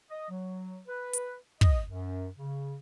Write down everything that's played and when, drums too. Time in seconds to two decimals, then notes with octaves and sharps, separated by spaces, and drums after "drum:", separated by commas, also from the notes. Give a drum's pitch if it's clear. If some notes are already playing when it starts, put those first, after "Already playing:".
0.10 D#5
0.29 F#3
0.87 B4
1.13 drum: hi-hat
1.61 D#5, drum: kick
1.87 F#2
2.37 C#3